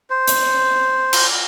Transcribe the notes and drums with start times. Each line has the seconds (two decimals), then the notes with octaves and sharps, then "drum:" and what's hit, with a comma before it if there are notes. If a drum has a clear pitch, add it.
0.10 C5
0.28 drum: hi-hat
1.13 drum: cymbal